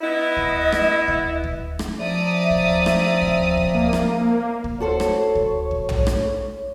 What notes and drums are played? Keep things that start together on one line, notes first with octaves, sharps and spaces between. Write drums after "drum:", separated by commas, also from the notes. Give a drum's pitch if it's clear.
B3 E4 D#5
drum: kick
drum: rim click
drum: kick
drum: kick
drum: rim click
F3 C4 D5 E5 A#5 D#6
drum: kick
drum: rim click
drum: kick
drum: kick
A#3
drum: rim click
drum: kick
F#4 A4 C5 C#5
drum: rim click
drum: kick
drum: kick
drum: tom
drum: rim click